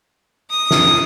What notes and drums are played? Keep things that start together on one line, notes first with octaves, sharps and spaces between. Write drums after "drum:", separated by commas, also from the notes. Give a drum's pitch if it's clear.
D#6
drum: snare